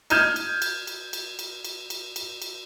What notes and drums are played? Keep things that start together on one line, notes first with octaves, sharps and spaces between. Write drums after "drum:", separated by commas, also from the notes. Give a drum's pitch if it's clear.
F6 G6 G#6 D#7 E7, drum: cymbal
drum: cymbal
drum: cymbal
drum: cymbal
drum: cymbal
drum: cymbal
drum: cymbal
drum: cymbal
drum: cymbal
drum: cymbal